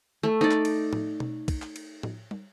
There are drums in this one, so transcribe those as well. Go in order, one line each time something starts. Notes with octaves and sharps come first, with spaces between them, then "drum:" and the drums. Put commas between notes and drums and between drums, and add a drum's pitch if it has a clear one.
A3
D#4 D5
drum: clap
drum: cymbal
drum: tom A2
drum: tom B2
drum: kick, cymbal
drum: clap
drum: cymbal
drum: tom A2
drum: tom